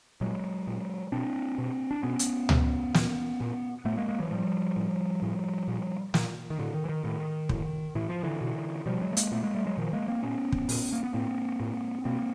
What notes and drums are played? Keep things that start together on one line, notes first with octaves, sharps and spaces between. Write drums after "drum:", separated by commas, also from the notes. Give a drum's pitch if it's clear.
A#2 F#3 G#3
A#2
B2 C4 D4
B2
D4
B2 B3 C#4
drum: hi-hat
B2, drum: tom C#2
A#2, drum: snare
A#2
A2 A3 B3
G#3 A#3
G#3 A#3
E3 F#3
A2 F3 G3
A2
A2
A#2
A#2, drum: snare
D#3
A2 D3
D#3
E3
D#3
A2 D#3
A2, drum: kick
A2 E3
F3
D3 E3
B2
B2 F3 G3
F#3 G#3
A3
G#3 A#3, drum: hi-hat
A#2 A3 B3
G#3 A#3
G3 A3
F#3 G#3
A#2 D#3 F3
G#3 A#3
A#3 C4
C4
A#2 B3 C#4
drum: kick
A#2, drum: open hi-hat
A#3
B3
A2 A#3 C4
A2
B2 A#3 C4